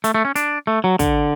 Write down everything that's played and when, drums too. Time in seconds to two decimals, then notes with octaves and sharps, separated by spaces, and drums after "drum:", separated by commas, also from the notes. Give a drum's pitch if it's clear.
0.04 A3, drum: hi-hat
0.15 A3
0.25 C#4
0.36 D4, drum: hi-hat
0.67 A3
0.84 F#3
0.99 D3, drum: kick, hi-hat